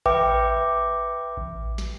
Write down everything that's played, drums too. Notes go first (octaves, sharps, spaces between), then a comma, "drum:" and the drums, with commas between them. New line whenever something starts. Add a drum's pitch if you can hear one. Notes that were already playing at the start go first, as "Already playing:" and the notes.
B4 E5 G5 D6, drum: kick A1
drum: kick A1
drum: snare